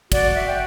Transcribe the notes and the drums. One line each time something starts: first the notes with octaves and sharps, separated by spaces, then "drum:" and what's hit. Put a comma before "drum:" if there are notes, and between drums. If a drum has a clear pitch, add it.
F#4 D5, drum: kick, cymbal
F#4 E5
G5